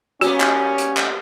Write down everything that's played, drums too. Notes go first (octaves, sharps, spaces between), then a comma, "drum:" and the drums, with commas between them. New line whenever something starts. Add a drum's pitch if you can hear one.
G3 A#3 B3 C#4 F#4 G#5, drum: hi-hat
drum: clap
drum: hi-hat
drum: clap